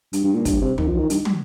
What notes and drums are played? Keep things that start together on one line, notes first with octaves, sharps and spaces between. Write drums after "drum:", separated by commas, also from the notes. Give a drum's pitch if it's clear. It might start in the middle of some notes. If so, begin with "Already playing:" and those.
G2, drum: hi-hat
G2
A#2
G2, drum: kick, hi-hat
C3
D#3, drum: tom
F3
D#3
G2, drum: hi-hat
drum: tom